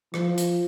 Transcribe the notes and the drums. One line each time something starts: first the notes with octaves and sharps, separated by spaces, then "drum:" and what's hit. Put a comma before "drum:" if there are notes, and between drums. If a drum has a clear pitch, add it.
F3, drum: rim click
drum: hi-hat